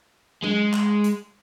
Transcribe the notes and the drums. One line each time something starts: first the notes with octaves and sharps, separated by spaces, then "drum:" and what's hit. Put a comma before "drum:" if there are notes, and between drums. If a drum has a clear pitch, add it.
G#3, drum: tom
drum: clap
drum: hi-hat